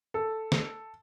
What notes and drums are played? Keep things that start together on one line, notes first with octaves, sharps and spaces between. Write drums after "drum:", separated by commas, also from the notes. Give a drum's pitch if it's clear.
A4
drum: snare